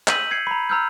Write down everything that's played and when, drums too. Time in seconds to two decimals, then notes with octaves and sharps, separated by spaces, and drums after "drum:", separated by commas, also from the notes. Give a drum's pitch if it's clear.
0.08 E6 G6 B6 D#7 F#7, drum: clap
0.31 G#6 C7 C#7
0.47 A#5 B5
0.69 A#5 E6 F6 G6